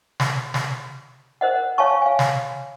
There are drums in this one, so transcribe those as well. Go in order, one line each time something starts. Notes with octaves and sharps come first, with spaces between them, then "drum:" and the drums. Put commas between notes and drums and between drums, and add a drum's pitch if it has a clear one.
drum: snare
drum: snare
A#4 C5 D#5 F#5
C#5 F5 G#5 A5 C#6
F5 G#5
drum: snare